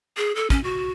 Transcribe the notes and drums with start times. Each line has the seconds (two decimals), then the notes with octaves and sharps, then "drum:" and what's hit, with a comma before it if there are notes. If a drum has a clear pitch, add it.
0.17 G#4
0.36 A4
0.50 C#4, drum: kick, hi-hat
0.64 F#4